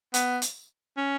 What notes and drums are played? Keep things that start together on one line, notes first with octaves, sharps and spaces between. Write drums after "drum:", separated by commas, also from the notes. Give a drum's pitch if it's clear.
B3, drum: hi-hat
drum: hi-hat
C#4